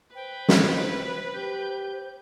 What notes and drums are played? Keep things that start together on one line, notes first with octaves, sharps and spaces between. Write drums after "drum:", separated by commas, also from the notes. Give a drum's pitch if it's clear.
B4 C5 G5
drum: snare
G4 G6